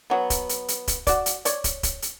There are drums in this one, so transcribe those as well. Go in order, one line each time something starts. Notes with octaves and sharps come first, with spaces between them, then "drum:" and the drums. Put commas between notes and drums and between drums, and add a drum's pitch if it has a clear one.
F#3 B3
drum: kick, hi-hat
drum: hi-hat
drum: hi-hat
drum: kick, hi-hat
F#4 D5, drum: kick, hi-hat
drum: hi-hat
C#5 D5, drum: hi-hat
drum: kick, hi-hat
drum: kick, hi-hat
drum: hi-hat